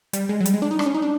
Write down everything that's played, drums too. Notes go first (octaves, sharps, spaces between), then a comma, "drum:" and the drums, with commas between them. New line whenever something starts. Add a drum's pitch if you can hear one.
G3, drum: hi-hat
G#3
F#3
G3, drum: hi-hat
G#3
D4
D#4
D4, drum: rim click
C#4
D#4
D4